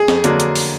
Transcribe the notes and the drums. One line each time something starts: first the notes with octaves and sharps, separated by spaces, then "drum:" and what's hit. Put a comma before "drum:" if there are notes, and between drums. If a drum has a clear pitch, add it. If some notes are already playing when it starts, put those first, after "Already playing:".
Already playing: G#4
F2, drum: snare
D3 F#3 A#3 D4, drum: hi-hat
drum: hi-hat
drum: open hi-hat